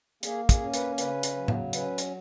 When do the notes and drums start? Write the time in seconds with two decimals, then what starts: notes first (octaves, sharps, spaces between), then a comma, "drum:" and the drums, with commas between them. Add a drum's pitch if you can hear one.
0.23 A#3 G#4, drum: hi-hat
0.49 G#4, drum: kick, hi-hat
0.60 C#4
0.74 B4, drum: hi-hat
0.98 C#3 B4, drum: hi-hat
1.23 drum: hi-hat
1.36 F#3
1.48 drum: tom A2
1.73 C#4 B4, drum: hi-hat
1.98 drum: hi-hat